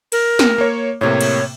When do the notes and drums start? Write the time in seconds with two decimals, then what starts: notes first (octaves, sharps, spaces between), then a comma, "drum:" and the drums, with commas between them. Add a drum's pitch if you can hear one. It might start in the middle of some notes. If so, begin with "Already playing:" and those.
0.12 A#4, drum: cymbal
0.39 drum: snare
0.58 A#3 C#5
1.01 A2 C3 A#3 C#5
1.21 drum: cymbal